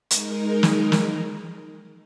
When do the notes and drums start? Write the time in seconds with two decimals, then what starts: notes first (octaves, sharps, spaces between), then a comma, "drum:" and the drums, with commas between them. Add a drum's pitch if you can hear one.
0.11 G#3 D#4 A#4, drum: hi-hat
0.63 drum: snare
0.92 drum: snare